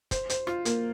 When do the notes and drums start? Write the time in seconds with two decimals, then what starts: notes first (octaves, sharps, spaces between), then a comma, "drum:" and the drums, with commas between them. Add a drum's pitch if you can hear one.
0.11 C5, drum: kick, hi-hat
0.30 C5, drum: hi-hat
0.47 F4, drum: rim click
0.65 A#3, drum: hi-hat